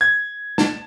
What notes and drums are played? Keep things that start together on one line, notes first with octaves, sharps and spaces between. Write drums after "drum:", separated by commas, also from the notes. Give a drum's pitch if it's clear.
G#6
A5, drum: snare